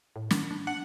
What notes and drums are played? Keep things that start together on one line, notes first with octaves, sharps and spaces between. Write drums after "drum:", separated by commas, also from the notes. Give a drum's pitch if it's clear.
A2
D#3, drum: snare
D4
D4 F#5